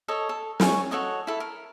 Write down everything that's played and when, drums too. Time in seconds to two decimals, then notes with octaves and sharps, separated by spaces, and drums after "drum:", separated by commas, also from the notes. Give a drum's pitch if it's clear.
0.08 A4 C#5 D#5
0.29 A4
0.60 A#4 G#5 C#6, drum: snare
0.91 F#4 A4 C#5 D#5
1.27 E4 A4
1.40 A#4